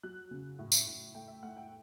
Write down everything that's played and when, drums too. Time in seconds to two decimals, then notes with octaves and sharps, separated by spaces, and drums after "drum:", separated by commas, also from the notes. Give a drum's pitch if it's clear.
0.03 F#3 F#6
0.31 C#3
0.59 A2
0.72 drum: tambourine
0.87 A2
1.14 A3 G5
1.28 E5
1.43 A3 F#5
1.57 G5